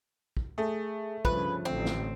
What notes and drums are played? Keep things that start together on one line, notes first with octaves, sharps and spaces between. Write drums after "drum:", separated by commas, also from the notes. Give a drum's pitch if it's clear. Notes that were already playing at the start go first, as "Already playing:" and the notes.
drum: kick
A3 G#4
G2 C#3 F3 B4, drum: kick
A1 D3 C4
drum: snare